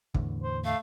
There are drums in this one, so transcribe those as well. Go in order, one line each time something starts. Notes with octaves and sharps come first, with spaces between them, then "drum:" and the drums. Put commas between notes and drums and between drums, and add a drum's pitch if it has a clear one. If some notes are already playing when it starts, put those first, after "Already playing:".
E2 A2 D3, drum: kick
C5
A3 F5